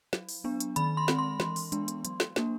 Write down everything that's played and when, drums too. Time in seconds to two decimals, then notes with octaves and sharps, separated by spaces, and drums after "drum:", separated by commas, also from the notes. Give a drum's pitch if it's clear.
0.13 F#3, drum: snare
0.29 drum: open hi-hat
0.44 B3 D4
0.60 drum: hi-hat
0.76 D#3 B5, drum: hi-hat
0.97 C6
1.08 G#3 C4, drum: snare
1.19 C6
1.40 E3, drum: snare
1.56 drum: open hi-hat
1.72 G#3 B3 D4, drum: hi-hat
1.88 drum: hi-hat
2.05 F#3, drum: hi-hat
2.20 drum: snare
2.36 A#3 D4, drum: snare